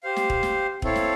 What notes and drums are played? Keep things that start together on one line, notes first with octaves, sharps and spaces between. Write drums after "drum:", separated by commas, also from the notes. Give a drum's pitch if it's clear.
G4 C5 F5
drum: snare
drum: kick
drum: snare
C4 E4 A4 C#5 F5, drum: kick
drum: snare